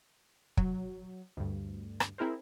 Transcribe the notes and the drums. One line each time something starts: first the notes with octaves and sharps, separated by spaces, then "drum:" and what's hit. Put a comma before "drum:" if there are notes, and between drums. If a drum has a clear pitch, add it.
F#3, drum: kick
D2 G2
drum: rim click
C4 E4 G#4 A#4 C5